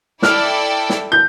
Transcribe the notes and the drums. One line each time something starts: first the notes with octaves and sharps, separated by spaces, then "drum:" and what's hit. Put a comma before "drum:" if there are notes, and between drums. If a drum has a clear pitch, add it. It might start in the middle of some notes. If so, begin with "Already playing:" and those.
E4 A4 D5 G5 F6, drum: snare
drum: snare
G6